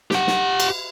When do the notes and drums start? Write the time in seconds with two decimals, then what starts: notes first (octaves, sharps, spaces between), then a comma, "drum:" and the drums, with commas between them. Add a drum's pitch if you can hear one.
0.11 G4 F#5, drum: snare
0.27 drum: snare
0.60 drum: cymbal